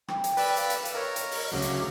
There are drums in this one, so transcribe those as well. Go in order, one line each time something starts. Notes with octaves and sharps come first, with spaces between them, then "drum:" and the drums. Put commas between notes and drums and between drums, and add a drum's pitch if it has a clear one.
G5, drum: rim click
drum: hi-hat
B4 D5 E6, drum: open hi-hat
F5, drum: hi-hat
drum: hi-hat
drum: hi-hat
A#4 C#5 D#5
drum: hi-hat
drum: open hi-hat
D2 C#3 F#3 D6
drum: hi-hat